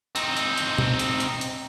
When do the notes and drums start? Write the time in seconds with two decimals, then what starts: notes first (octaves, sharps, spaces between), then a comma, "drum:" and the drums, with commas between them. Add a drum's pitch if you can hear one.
0.16 C4 D#4, drum: hi-hat
0.37 drum: hi-hat
0.57 drum: hi-hat
0.78 drum: tom B2
0.99 drum: hi-hat
1.20 drum: hi-hat
1.41 drum: hi-hat